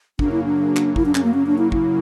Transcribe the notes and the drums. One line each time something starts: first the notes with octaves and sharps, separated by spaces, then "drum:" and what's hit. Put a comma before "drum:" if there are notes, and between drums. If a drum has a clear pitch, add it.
F#2 C#3 F#3 A#3 D4, drum: kick
E4
D4
drum: clap
E4, drum: kick
D4
C#4, drum: clap
A#3
C#4
D4
E4
E4, drum: kick